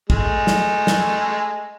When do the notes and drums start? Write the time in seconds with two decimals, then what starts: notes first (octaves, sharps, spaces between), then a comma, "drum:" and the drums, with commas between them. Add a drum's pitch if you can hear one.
0.10 G#3 A3 G#4, drum: kick
0.47 drum: snare
0.87 drum: snare